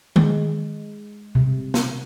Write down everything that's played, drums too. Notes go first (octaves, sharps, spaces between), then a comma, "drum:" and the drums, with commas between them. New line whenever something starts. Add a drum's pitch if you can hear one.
G#3, drum: tom D#3
C3
drum: snare